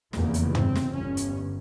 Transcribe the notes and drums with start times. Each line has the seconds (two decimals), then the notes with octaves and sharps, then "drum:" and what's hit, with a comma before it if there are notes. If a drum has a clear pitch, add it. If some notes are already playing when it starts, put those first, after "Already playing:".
0.13 F1 E2 C#3 A#3, drum: snare
0.34 drum: hi-hat
0.55 C4, drum: tom
0.75 drum: snare
0.96 G1 G2 C#4
1.17 drum: hi-hat